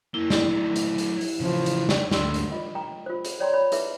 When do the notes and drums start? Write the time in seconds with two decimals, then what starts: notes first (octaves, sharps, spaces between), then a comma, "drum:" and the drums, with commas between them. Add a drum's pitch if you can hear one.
0.14 F#2 A#3 E4
0.30 drum: snare
0.49 F#3 A3
0.76 drum: hi-hat
0.98 drum: hi-hat
1.21 drum: open hi-hat
1.40 C#3 E3 F3
1.66 drum: hi-hat
1.89 drum: snare
2.11 D2 G#2 D4 C6 E6, drum: snare
2.34 drum: hi-hat
2.52 F4 D#5
2.75 G5 A#5
3.06 F4 C5
3.25 drum: hi-hat
3.40 C#5 D5 G5 A#5 C6
3.53 C#5 B5
3.72 E4 G#4 B4 E5, drum: hi-hat